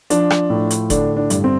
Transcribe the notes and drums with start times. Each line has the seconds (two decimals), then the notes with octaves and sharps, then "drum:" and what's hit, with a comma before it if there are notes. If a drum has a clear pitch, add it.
0.10 F3 D4, drum: hi-hat
0.30 drum: rim click
0.50 A2
0.70 drum: hi-hat
0.90 D3 D4, drum: kick F1, hi-hat
1.17 D4
1.30 G2, drum: hi-hat
1.44 C4